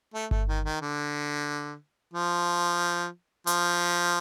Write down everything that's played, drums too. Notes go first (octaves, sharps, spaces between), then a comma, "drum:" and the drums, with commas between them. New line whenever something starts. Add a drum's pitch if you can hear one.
A3
A3, drum: kick G1
D#3
D#3
D3
F3
F3, drum: hi-hat